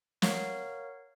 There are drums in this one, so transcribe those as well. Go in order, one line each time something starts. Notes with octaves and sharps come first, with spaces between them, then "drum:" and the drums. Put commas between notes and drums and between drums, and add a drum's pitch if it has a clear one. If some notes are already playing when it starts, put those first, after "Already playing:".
A#4 C#5 F5 F#5, drum: snare